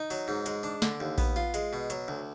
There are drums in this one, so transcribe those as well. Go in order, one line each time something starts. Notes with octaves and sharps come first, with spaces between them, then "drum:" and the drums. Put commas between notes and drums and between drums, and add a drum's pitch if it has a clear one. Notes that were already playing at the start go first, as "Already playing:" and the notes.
Already playing: D#4
F#3, drum: open hi-hat
G#2
G#3, drum: hi-hat
D4
D3, drum: snare
D#2
B3, drum: kick A#1, open hi-hat
F4
G#3, drum: hi-hat
B2
F#3, drum: hi-hat
D2